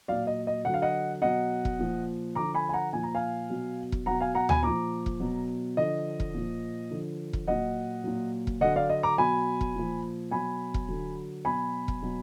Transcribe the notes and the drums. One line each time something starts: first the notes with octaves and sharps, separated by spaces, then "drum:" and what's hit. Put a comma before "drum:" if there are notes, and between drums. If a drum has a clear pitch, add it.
A#2 F#3 D5 F5
D#5
D#5
D3 F#3 F#5
F5
D#5 F#5
B2 F#3 D#5 F#5
drum: kick E1
A#2 F3
D3 F3 A#5 D6
G#5 B5
G#5
F#5 A#5
A#2 F3 G#5
A#5
F5 G#5
B2 F#3
drum: kick E1
B2 F#3 F#5 A#5
F5 G#5
F#5 A#5
G#5 B5, drum: tom D2
A#2 F3 A#5 D6
drum: kick E1
B2 F#3
D3 F3 D#5
drum: kick E1
A#2 F3
D3 F3
drum: kick E1
A#2 F#3 D#5 F#5
A#2 F#3
drum: kick E1
D3 F#3 D#5 F#5
D5 F5
D#5
A#5 D6
B2 F#3 G#5 B5
drum: kick E1
A#2 F3
B2 F#3 G#5 B5
drum: kick E1
D3 F#3
B2 F#3 G#5 B5
drum: kick E1
B2 F#3